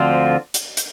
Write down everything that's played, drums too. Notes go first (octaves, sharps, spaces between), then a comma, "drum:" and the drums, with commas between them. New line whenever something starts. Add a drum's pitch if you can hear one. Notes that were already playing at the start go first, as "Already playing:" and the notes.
Already playing: D2 D3 F3 C4 F4
drum: hi-hat
drum: hi-hat